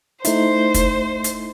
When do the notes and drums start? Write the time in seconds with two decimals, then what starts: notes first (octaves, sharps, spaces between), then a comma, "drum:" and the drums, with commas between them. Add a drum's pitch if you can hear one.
0.25 A3 D#4 E4 C5, drum: hi-hat
0.74 drum: kick, hi-hat
1.24 drum: hi-hat